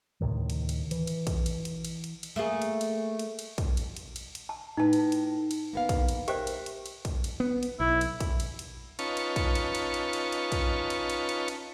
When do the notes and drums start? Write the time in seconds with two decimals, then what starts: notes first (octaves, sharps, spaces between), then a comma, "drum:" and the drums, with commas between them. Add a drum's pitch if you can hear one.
0.21 D2 A2 C3 D#3
0.50 drum: cymbal
0.69 drum: cymbal
0.91 E3, drum: cymbal
1.07 drum: cymbal
1.27 drum: kick, cymbal
1.46 drum: cymbal
1.65 drum: cymbal
1.85 drum: cymbal
2.04 drum: cymbal
2.23 drum: cymbal
2.36 A3 A#3 G#4
2.62 drum: cymbal
2.81 drum: cymbal
3.19 drum: cymbal
3.39 drum: cymbal
3.58 drum: kick, cymbal
3.77 drum: cymbal
3.97 drum: cymbal
4.16 drum: cymbal
4.35 drum: cymbal
4.49 A5
4.77 A2 D#4 B4 A5
4.93 drum: cymbal
5.12 drum: cymbal
5.51 drum: cymbal
5.73 A#3 B3 F5
5.89 drum: kick, cymbal
6.09 drum: cymbal
6.28 G4 A#4 C5 E5 G5, drum: cymbal
6.47 drum: cymbal
6.66 drum: cymbal
6.86 drum: cymbal
7.05 drum: kick, cymbal
7.24 drum: cymbal
7.40 B3
7.63 drum: cymbal
7.80 B1 E4
8.01 drum: cymbal
8.20 drum: kick, cymbal
8.40 drum: cymbal
8.59 drum: cymbal
8.99 C#4 D#4 F4 B4 A5 C#6, drum: cymbal
9.17 drum: cymbal
9.36 drum: kick, cymbal
9.55 drum: cymbal
9.75 drum: cymbal
9.94 drum: cymbal
10.13 drum: cymbal
10.32 drum: cymbal
10.52 drum: kick, cymbal
10.90 drum: cymbal
11.10 drum: cymbal
11.29 drum: cymbal
11.48 drum: cymbal